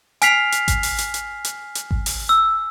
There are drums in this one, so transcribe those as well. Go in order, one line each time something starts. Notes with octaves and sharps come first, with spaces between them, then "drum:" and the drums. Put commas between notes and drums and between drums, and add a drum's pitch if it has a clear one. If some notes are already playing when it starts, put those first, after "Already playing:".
G#5 F6 B6 C7 F7, drum: hi-hat
drum: hi-hat
drum: kick G#1, hi-hat
drum: open hi-hat
drum: hi-hat
drum: hi-hat
drum: hi-hat
drum: hi-hat
drum: kick G#1
drum: open hi-hat
E6